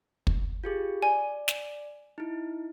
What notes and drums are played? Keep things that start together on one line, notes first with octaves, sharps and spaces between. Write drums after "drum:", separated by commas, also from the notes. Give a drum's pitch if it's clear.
drum: kick
F4 G4 G#4
D5 G#5
drum: snare
D#4 E4